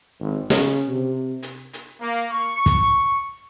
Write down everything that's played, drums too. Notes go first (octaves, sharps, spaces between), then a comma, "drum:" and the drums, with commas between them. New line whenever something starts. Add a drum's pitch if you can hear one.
G#1
C#3, drum: snare
C3
drum: hi-hat
drum: hi-hat
A#3
C#6
drum: kick, hi-hat